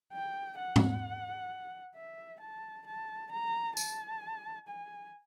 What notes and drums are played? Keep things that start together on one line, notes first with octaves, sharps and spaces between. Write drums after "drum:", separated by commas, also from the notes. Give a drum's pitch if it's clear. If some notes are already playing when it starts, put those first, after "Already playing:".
G5
F#5
drum: tom G#2
E5
A5
A5
A#5
A5, drum: tambourine
G#5